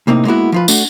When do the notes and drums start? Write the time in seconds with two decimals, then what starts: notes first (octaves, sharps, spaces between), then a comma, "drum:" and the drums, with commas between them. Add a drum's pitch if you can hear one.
0.07 A2 C3 A#3 C4 D#4
0.25 G#3 A#3 B3 E4 F#4
0.52 F3 F4 B4
0.68 A3 D4 F#4, drum: tambourine